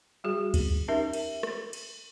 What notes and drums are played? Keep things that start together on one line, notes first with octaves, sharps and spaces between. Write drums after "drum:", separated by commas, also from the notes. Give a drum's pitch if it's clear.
G3 F#4 G#4
drum: kick, cymbal
C#4 D#4 G4 A#4 E5
drum: cymbal
drum: rim click
drum: cymbal